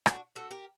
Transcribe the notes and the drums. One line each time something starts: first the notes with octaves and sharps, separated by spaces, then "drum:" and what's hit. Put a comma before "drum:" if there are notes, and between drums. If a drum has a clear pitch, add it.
A2 D4 F#4, drum: rim click
A3 D4 F#4 A4
G4 A#4